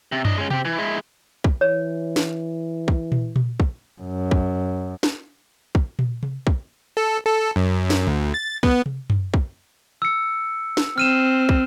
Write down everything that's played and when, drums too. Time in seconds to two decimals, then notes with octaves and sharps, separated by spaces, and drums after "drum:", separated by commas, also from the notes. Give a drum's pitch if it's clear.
0.12 C3
0.25 D4 D#5, drum: tom F#2
0.37 G#3 C#4
0.50 C4 G4, drum: tom C3
0.65 E3
0.78 G#3 E4
1.44 drum: kick
1.61 E3 C#5
2.16 drum: snare
2.88 drum: kick
3.12 drum: tom A#2
3.36 drum: tom A#2
3.60 drum: kick
4.02 F#2
4.31 drum: kick
5.03 drum: snare
5.75 drum: kick
5.99 drum: tom A#2
6.23 drum: tom C3
6.47 drum: kick
6.97 A4
7.26 A4
7.56 F#2
7.90 drum: snare
8.07 D2
8.34 A6
8.63 B3, drum: kick
8.86 drum: tom C3
9.10 drum: tom F#2
9.34 drum: kick
10.02 E6 C#7
10.77 drum: snare
10.98 C4 F6 D#7 E7
11.49 drum: kick